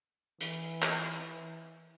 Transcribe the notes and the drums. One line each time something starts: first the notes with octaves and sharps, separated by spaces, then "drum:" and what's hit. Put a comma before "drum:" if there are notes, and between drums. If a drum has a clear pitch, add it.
E3, drum: hi-hat
drum: clap